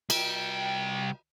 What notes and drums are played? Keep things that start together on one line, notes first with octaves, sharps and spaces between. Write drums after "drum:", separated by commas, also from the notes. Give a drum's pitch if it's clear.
C2 G5, drum: cymbal